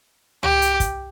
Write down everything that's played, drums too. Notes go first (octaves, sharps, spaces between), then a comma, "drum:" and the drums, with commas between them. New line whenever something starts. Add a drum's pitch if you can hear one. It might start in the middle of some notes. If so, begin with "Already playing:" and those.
G4, drum: tom
drum: hi-hat
drum: kick, hi-hat